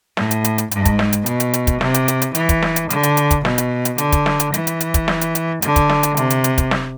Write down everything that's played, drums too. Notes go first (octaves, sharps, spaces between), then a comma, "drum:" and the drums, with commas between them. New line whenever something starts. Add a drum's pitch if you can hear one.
A2, drum: snare
drum: hi-hat
drum: hi-hat
drum: hi-hat
G#2, drum: hi-hat
drum: kick, hi-hat
drum: snare
drum: hi-hat
B2, drum: hi-hat
drum: hi-hat
drum: hi-hat
drum: kick, hi-hat
C3, drum: snare
drum: hi-hat
drum: hi-hat
drum: hi-hat
E3, drum: hi-hat
drum: kick, hi-hat
drum: snare
drum: hi-hat
D3, drum: hi-hat
drum: hi-hat
drum: hi-hat
drum: kick, hi-hat
B2, drum: snare
drum: hi-hat
drum: hi-hat
D3, drum: hi-hat
drum: kick, hi-hat
drum: snare
drum: hi-hat
E3, drum: hi-hat
drum: hi-hat
drum: hi-hat
drum: kick, hi-hat
drum: snare
drum: hi-hat
drum: hi-hat
D3, drum: hi-hat
drum: kick, hi-hat
drum: snare
drum: hi-hat
C3, drum: hi-hat
drum: hi-hat
drum: hi-hat
drum: kick, hi-hat
drum: snare